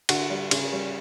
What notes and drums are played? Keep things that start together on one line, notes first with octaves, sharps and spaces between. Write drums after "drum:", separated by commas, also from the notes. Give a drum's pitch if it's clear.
D3 F#4, drum: cymbal
G3
C#3, drum: cymbal
G3